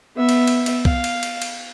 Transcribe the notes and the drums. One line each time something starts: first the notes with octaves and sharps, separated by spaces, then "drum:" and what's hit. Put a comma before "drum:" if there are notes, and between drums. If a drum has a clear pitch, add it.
B3 E5
drum: cymbal
drum: cymbal
drum: cymbal
F5, drum: kick
drum: cymbal
drum: cymbal
drum: cymbal